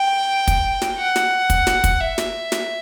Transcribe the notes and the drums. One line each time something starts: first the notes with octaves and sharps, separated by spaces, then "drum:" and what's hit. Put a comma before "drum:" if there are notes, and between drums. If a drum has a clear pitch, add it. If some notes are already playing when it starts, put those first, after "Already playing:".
Already playing: G5
drum: kick, hi-hat
drum: snare
F#5
drum: snare
drum: kick, hi-hat
drum: snare
drum: kick, hi-hat
E5
drum: snare
drum: snare